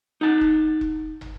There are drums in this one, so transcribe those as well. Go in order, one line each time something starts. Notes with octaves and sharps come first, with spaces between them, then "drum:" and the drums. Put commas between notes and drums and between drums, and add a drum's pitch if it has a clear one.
D#4 F#5 A5
drum: kick E1
drum: kick E1
drum: tom